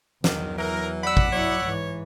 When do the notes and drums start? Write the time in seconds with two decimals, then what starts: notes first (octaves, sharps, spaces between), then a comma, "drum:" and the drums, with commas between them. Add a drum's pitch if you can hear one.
0.24 E2 D#3 F#3, drum: snare
0.58 E3 A#4
1.03 D5 F#5 B5 E6
1.17 drum: kick
1.32 F#3 E4 C#5
1.62 G#2 E3